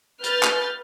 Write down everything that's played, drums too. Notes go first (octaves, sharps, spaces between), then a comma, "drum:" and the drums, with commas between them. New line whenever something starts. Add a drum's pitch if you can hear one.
B4 F6 G6 A6, drum: hi-hat
drum: clap